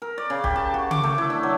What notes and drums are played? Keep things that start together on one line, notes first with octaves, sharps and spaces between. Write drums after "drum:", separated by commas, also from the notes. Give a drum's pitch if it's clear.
A#4
D5
C#3
G4, drum: kick
A5
F#4
D6, drum: tom C#3
A3
E4
D4
F#3